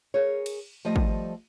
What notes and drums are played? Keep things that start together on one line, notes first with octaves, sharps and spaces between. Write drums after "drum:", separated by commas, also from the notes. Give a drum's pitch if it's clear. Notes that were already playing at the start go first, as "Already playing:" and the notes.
G#4 A#4 C#5
drum: cymbal
F3 G3 A3 D#5
drum: kick